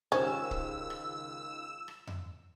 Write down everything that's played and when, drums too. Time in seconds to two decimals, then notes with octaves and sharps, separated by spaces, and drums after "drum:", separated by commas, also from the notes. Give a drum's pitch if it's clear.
0.12 C#2 D#3 G#3 C#4 G4 C5 E6
0.51 drum: kick C#1
0.90 drum: rim click
1.88 drum: rim click
2.07 drum: tom F2